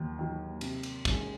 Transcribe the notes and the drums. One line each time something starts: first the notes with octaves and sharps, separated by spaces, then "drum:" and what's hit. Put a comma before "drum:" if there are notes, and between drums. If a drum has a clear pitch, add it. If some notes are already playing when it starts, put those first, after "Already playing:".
Already playing: D#2 D#3 F#3
D#3 F#3
C3, drum: cymbal
drum: cymbal
D#3 G#3 C#4 F#4, drum: kick, cymbal